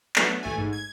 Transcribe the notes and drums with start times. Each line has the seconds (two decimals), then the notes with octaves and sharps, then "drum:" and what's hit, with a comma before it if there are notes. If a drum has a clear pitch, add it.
0.16 F#3 A3 B3 D4, drum: clap
0.43 A1 A3 G#5
0.58 G#2
0.72 G#6